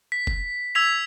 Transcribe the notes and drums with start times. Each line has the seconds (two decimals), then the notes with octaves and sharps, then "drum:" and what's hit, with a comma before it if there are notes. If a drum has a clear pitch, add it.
0.12 B6
0.27 drum: kick
0.75 E6 G#6 B6 F7